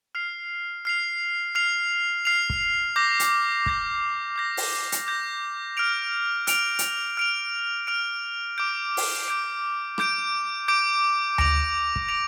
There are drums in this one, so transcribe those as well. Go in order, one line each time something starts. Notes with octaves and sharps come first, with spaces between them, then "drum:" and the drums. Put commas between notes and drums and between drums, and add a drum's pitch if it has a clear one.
F6 C7 F7
F6 C7 F7
F6 C7 F7
F6 C7 F7
drum: kick
D6 G6 A#6
drum: hi-hat
D6 G6 A#6, drum: kick
D6 G6 A#6
drum: open hi-hat
drum: hi-hat
D6 G6 A#6
F6 D7 F7
F6 D7 F7, drum: hi-hat
drum: hi-hat
F6 D7 F7
F6 D7 F7
D6 G6 D7
drum: open hi-hat
D6 G6 D7
D6 G6 D7, drum: rim click
D6 G6 D7
A#6 D7 F7, drum: tom D2
drum: kick
A#6 D7 F7